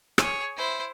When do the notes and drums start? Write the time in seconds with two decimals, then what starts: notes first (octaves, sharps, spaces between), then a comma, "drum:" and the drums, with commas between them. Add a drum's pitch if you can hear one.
0.18 G#4 C#5, drum: rim click
0.56 E4 C5